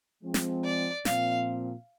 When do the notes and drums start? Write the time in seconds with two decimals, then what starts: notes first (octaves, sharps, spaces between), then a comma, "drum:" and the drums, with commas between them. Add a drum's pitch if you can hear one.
0.21 F3 G#3 C4
0.34 drum: snare
0.64 D5
1.05 A#2 F3 C4 F5, drum: snare